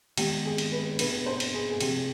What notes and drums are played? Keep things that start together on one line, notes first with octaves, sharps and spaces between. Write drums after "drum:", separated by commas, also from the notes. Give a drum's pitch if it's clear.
D#3 G#3 B3 G4, drum: cymbal
G#4
drum: cymbal
B4
B2 B3 D4 B4, drum: cymbal
C5
drum: cymbal
G#4
G#4
C3 F3 C4 G4, drum: cymbal